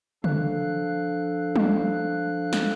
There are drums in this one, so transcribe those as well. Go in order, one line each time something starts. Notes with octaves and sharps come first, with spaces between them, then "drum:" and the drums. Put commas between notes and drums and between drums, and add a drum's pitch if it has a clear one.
F3 D4 A4 F5 F#6, drum: tom
drum: tom F#3
drum: snare